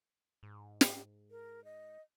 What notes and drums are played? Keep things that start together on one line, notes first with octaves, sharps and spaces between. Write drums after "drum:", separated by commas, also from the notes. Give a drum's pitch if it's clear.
G#2
drum: snare
A#4
D#5